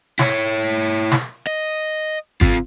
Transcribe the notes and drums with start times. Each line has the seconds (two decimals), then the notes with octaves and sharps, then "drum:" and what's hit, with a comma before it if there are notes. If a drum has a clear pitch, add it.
0.19 E4 C#5, drum: snare
1.12 drum: snare
1.47 D#5
2.41 C4 F4, drum: kick